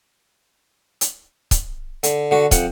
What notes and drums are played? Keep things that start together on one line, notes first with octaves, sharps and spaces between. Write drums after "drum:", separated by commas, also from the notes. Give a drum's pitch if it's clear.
drum: hi-hat
drum: kick, hi-hat
D3, drum: hi-hat
D3 F#4
F2 F#5, drum: kick, hi-hat